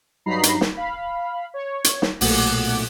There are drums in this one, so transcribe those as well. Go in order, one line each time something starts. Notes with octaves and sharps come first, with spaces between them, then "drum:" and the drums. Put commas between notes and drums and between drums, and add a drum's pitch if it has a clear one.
G2 F#3 D#4 A#5 B5 C7
drum: hi-hat
drum: snare
F5 B5
C#5
drum: hi-hat
drum: snare
B1 A#2 A3 F#5 D6, drum: open hi-hat